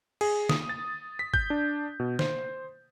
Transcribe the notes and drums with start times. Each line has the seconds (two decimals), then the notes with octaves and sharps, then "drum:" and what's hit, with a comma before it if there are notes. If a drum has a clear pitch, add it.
0.21 G#4, drum: cymbal
0.49 D#6, drum: snare
0.69 A6
1.19 B6
1.34 G6, drum: kick G1
1.50 D4
2.00 B2
2.19 C5, drum: snare